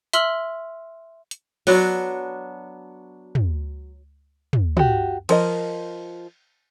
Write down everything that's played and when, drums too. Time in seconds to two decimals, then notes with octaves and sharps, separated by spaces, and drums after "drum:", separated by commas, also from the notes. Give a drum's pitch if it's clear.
0.13 E5 C6 E6 F6 F#7, drum: hi-hat
1.31 drum: hi-hat
1.67 F#3 B3 D4 F#4, drum: open hi-hat
3.35 drum: tom
4.53 drum: tom
4.77 F#4 G4, drum: tom
5.29 F3 A#4 D#5, drum: cymbal